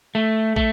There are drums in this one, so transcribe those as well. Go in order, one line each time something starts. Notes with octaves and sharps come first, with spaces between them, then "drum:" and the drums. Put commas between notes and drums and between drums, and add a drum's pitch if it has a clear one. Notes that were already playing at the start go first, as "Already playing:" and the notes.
A3
A3, drum: kick